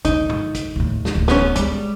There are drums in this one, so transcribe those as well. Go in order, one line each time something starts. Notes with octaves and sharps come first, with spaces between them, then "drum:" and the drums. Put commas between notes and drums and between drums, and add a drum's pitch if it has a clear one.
D3 G#3 D#4, drum: hi-hat
drum: tom G2
drum: kick, hi-hat
D#2 A2
drum: snare
D1 E2
B3 C#4, drum: snare
G3 G#3, drum: hi-hat